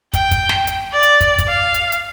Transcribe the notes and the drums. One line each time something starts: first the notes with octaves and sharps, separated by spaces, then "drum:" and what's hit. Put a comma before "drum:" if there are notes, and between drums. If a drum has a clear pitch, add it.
G5, drum: kick, hi-hat
drum: kick, hi-hat
drum: snare
drum: hi-hat
D5
drum: hi-hat
drum: kick, hi-hat
drum: kick, hi-hat
F5
drum: hi-hat
drum: hi-hat